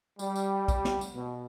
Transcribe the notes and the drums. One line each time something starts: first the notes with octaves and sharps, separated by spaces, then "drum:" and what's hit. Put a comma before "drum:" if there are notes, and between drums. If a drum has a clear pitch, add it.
G3, drum: tambourine
drum: tambourine
drum: kick A#1, tambourine
drum: snare
drum: tambourine
B2